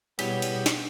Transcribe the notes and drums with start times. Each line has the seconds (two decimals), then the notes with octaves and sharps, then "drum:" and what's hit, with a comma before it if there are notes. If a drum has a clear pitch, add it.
0.19 B2 G3 B3 E4 G4 G#4 C#5, drum: cymbal
0.42 drum: cymbal
0.66 drum: snare